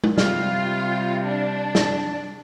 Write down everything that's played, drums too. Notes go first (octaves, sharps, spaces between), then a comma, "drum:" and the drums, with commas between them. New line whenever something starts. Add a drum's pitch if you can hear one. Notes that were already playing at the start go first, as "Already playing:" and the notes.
drum: tom G#3
C3 G3 F4 F6, drum: snare
D4 A5
drum: snare